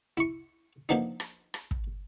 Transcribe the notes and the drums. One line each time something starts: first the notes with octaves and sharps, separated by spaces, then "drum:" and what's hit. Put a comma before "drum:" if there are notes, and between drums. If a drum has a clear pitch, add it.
E4 C#6
F3 A#3 B3 D4 D#4
drum: rim click
drum: rim click
drum: kick